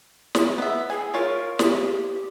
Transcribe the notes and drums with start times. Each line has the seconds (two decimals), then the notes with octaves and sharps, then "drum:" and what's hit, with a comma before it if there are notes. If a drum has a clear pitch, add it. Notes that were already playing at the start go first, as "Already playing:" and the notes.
0.35 drum: snare
0.58 B3 E5
0.90 G#4 G#5
1.14 F4 A#4 C#5
1.59 G4, drum: snare